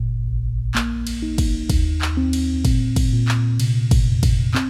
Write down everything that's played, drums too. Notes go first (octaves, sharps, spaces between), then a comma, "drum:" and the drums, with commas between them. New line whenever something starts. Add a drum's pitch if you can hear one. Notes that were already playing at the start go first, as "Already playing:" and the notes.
Already playing: G1 A#2
A#1
A#3, drum: clap
drum: cymbal
D#4
drum: kick, cymbal
D#2, drum: kick, cymbal
drum: clap
C4
drum: cymbal
A#2, drum: kick, cymbal
drum: kick, cymbal
A#2
drum: clap
C3, drum: cymbal
drum: kick, cymbal
F2
drum: kick, cymbal
C4, drum: clap